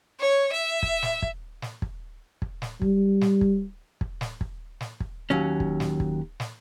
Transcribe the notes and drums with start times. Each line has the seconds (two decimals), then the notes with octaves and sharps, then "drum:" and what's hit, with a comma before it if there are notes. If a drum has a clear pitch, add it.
0.19 C#5
0.54 E5
0.83 drum: kick
1.03 drum: snare
1.22 drum: kick
1.62 drum: snare
1.82 drum: kick
2.42 drum: kick
2.62 drum: snare
2.82 G3, drum: kick
3.21 drum: snare
3.41 drum: kick
4.01 drum: kick
4.21 drum: snare
4.41 drum: kick
4.81 drum: snare
5.00 drum: kick
5.30 D#2 F#3 C#4
5.60 drum: kick
5.80 drum: snare
6.00 drum: kick
6.40 drum: snare